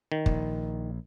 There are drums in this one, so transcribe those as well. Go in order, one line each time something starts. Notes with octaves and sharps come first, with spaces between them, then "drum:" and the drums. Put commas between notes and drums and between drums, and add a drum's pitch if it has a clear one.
D#3
A#1, drum: kick